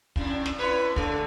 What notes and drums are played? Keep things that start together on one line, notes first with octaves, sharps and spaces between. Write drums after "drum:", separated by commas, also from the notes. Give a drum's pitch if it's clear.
F2 A2 D4, drum: kick
drum: snare
A2 E4 B4 C#5
D3 G#3, drum: kick